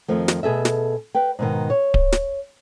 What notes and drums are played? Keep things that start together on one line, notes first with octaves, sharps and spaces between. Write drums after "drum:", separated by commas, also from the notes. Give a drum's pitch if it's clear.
F2 D#3 F3 A3
drum: snare
B2 G#4 A4 E5
drum: snare
B4 G5
G#2 B2 D#3
C#5
drum: kick D1
drum: snare